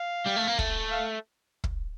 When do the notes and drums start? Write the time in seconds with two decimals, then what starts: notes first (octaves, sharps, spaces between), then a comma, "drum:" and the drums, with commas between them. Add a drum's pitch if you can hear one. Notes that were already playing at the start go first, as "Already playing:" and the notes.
Already playing: F5
0.26 G3
0.37 A3
0.48 A#3
0.59 A3, drum: kick
0.92 F5
1.64 drum: kick